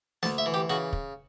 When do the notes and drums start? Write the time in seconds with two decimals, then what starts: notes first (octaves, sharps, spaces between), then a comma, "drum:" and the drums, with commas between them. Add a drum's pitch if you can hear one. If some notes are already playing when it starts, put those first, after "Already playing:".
0.23 D2 A5, drum: snare
0.38 E5
0.46 E3
0.54 G4
0.70 C#3 F#4
0.93 drum: kick